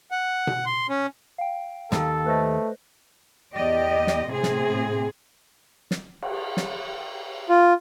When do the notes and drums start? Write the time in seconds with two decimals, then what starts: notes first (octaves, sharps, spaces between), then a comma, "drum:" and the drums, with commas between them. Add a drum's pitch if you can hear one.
0.11 F#5
0.47 drum: tom B2
0.66 C6
0.89 C#4
1.38 F5 G5
1.92 D#2 G#2 A4, drum: snare
2.26 A3 B4 C5 D#5
3.54 E2 G4 D5 D#5
4.07 drum: snare
4.29 A2 C3 C4 G#4
4.43 drum: snare
5.91 drum: snare
6.22 drum: cymbal
6.57 drum: snare
7.49 F4